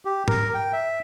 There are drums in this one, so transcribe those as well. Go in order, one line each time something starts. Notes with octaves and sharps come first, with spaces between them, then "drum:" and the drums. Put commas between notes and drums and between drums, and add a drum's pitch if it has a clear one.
G4
A#4, drum: tom G#2
G5
E5